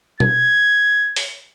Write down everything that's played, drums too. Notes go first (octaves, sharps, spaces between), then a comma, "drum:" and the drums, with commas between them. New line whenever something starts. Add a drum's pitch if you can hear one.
G#6, drum: tom B2
drum: open hi-hat